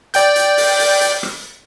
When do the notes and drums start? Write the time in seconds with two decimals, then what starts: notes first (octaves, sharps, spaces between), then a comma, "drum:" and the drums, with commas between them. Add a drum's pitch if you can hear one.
0.14 D5 G5 G6, drum: hi-hat
0.36 drum: hi-hat
0.57 drum: open hi-hat
0.79 drum: open hi-hat
1.01 drum: hi-hat
1.23 drum: rim click